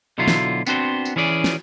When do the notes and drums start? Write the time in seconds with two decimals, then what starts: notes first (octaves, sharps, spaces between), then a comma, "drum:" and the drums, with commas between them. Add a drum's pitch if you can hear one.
0.18 B2 D3 F#3 E4 F4
0.28 drum: snare
0.67 B3 C4 D4 F#4 C5, drum: tambourine
1.05 drum: tambourine
1.16 E3 C#4 G#4 D5
1.44 drum: snare